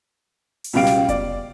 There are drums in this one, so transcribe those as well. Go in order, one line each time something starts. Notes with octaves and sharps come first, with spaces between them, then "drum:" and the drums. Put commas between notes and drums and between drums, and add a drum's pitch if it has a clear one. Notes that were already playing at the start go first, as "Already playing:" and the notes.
drum: open hi-hat
C#2 B2 G3 F5 D7
drum: snare
D5, drum: kick F1, hi-hat